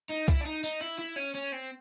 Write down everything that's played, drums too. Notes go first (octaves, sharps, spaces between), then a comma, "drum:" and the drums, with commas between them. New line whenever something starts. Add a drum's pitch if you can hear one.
D#4
E4, drum: kick C2
D4
D#4
D#4, drum: tambourine
E4
E4
C#4
C#4
C4